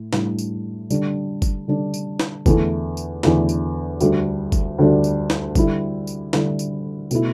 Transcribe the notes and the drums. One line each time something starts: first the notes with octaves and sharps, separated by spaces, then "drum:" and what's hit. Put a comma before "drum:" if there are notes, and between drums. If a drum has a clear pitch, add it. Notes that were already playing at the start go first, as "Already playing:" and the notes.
Already playing: A2
A2 G3 D4, drum: snare
drum: tambourine
D3 G3 D4, drum: tambourine
drum: kick F#1, tambourine
D3 G3 D4
drum: tambourine
drum: snare
E2 D3 A3 E4, drum: kick F#1, tambourine
drum: tambourine
E2 D3 A3 E4, drum: snare
drum: tambourine
D2 D3 G3 D4, drum: tambourine
drum: kick F#1, tambourine
D2 D3 G3 D4
drum: tambourine
drum: snare
D3 G3 E4, drum: kick F#1, tambourine
drum: tambourine
D3 G3 E4, drum: snare
drum: tambourine
B2 A3 E4, drum: tambourine